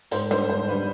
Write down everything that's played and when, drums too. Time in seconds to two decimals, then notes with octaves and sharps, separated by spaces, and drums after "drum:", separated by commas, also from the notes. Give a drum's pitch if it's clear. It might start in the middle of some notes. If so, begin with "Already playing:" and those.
0.11 G#2 C5, drum: hi-hat
0.31 G3 D4 C5, drum: rim click
0.49 G#2 C5
0.68 G3 D4 B4